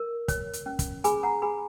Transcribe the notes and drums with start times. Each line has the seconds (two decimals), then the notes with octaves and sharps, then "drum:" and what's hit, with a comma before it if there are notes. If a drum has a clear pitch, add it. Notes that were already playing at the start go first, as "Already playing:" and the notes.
Already playing: A#4
0.28 C#5, drum: kick, hi-hat
0.53 drum: hi-hat
0.66 C#4
0.79 drum: kick, hi-hat
1.04 G#4 G#5 B5, drum: hi-hat
1.23 F#5 A#5
1.42 G#4 G#5 B5